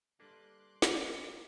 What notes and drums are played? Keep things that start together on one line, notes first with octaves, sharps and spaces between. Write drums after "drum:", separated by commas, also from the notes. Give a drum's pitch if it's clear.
G3 A#3 D4 A4 B4 C6 D6 F#6
drum: snare
C3